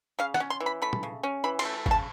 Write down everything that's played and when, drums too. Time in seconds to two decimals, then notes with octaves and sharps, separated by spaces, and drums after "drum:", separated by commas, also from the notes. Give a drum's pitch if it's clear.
0.19 C#3 F5
0.34 F#5, drum: rim click
0.40 C#4
0.50 C6
0.60 E3
0.66 B5
0.82 A3 B5
0.93 drum: tom
1.03 C#3
1.23 C#4
1.44 E3 B5
1.59 C6, drum: cymbal
1.65 A3
1.86 C#3 A5, drum: kick